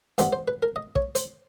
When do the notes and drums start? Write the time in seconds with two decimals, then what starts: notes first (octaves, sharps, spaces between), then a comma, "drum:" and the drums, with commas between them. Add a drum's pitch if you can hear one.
0.18 G2 E3 G3 B3 C5, drum: hi-hat
0.33 C5
0.48 B4
0.63 A#4
0.76 D#5
0.96 C#5, drum: kick
1.15 C5, drum: hi-hat